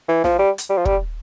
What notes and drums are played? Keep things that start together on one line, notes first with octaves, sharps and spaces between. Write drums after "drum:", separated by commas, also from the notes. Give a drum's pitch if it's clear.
E3
F3, drum: snare
G3
drum: hi-hat
G3
F3
G3, drum: kick